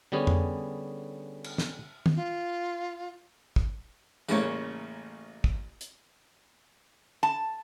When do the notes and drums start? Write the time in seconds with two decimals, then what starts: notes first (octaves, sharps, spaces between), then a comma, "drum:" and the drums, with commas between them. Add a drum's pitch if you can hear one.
0.12 D3 G3 B3 C#4 G#4
0.27 drum: tom F2
1.44 drum: cymbal
1.58 drum: snare
2.06 drum: tom
2.16 F4
3.56 drum: kick
4.28 A1 C#3 G3 A3 A#3 C#5, drum: tambourine
5.44 drum: kick
5.81 drum: hi-hat
7.23 A5